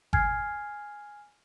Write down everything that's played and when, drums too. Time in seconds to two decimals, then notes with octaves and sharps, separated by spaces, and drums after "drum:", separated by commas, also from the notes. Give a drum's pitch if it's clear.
0.13 G#5 F6 G#6 C7, drum: kick G1